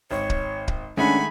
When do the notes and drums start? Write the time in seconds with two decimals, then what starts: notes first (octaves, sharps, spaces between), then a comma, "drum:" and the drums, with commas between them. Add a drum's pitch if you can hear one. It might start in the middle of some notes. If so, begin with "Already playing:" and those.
0.11 G#1 C#5
0.30 drum: kick
0.68 drum: kick
0.97 D#3 G#3 A3 C#4 D4 F#5 G#5 B5